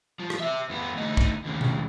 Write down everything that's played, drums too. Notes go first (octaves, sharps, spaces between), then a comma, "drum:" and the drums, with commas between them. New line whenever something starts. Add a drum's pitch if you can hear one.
F3
drum: rim click
C5 E5
F2 B3
D2 D#4
drum: kick
D#2 C#3
drum: tom B2